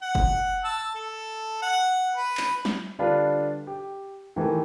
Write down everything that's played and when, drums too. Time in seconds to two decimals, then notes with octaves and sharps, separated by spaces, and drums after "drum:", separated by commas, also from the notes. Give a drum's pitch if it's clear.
0.02 F#5
0.15 drum: kick
0.64 A5 E6
0.95 A4
1.62 F#5
2.16 B4
2.37 drum: clap
2.65 drum: snare
2.99 D3 G3 D4 F4 B4
3.67 G4
4.36 D#3 E3 A3 G4